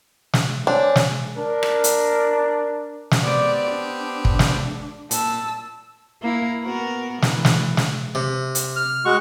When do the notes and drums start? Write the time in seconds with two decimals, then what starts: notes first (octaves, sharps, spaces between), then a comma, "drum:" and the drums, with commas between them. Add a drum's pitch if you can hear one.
0.33 drum: snare
0.67 C4 D4 C#5 G#5
0.96 drum: snare
1.37 D4 A#4
1.63 drum: rim click
1.84 drum: hi-hat
3.11 drum: snare
3.24 B3 C4 G4 D5
3.72 D4
4.25 drum: kick
4.39 drum: snare
5.11 A#2 A5 E6, drum: hi-hat
6.22 A#3 E4
6.63 B3 F#4 A#4
7.22 E3, drum: snare
7.45 drum: snare
7.77 drum: snare
8.15 C3
8.55 drum: hi-hat
8.76 F6
9.05 G#3 F#4 C#6